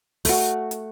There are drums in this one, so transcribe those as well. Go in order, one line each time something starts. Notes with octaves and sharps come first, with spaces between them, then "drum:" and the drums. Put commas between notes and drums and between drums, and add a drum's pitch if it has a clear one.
A3 F#4, drum: kick, open hi-hat
drum: hi-hat